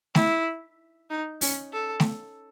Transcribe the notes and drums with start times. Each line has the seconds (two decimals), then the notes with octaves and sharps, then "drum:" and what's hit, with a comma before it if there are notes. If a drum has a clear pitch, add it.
0.15 E4, drum: snare A3
1.10 D#4
1.41 C#4, drum: open hi-hat
1.73 A4
2.00 drum: snare A3